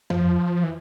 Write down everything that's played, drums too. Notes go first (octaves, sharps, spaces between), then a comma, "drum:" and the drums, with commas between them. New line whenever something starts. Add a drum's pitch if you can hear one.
F3, drum: tom F2
E3